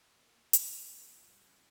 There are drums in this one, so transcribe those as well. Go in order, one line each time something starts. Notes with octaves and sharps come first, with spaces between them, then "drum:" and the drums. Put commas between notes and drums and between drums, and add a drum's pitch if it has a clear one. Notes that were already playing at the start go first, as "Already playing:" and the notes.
A#3
A#2
C#4, drum: hi-hat
F#3
A#3
A#2
G3
C#3